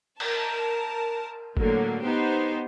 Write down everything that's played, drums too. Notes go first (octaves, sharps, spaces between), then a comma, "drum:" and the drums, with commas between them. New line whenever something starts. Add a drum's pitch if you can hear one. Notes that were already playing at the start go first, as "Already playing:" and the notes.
A#4 A5, drum: cymbal
A2 D3 F#3 A#3, drum: kick F#1
B3 D#4 G4 C5